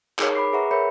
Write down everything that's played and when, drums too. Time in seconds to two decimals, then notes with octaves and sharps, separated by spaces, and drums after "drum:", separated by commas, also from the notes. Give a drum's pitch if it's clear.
0.19 D#4 G#4 A#4 C#5, drum: clap
0.35 B5 D6 C7
0.53 G#4 B4 E5 F#5 A#5 C#6
0.71 A#4 C#5 E5 B5 G6 C#7